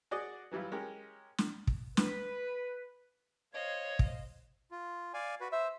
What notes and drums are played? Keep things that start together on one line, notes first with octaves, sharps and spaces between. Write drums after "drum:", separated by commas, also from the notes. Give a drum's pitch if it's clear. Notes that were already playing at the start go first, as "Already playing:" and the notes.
F#4 G#4 D5 D#5
E3 F#3 G3 E4 F4
G#3 C#4 G4 A#4
drum: snare
drum: kick
B4, drum: snare
C5 C#5 D#5 F5
drum: kick
F4
D5 F5 G#5
F#4 B4
C5 E5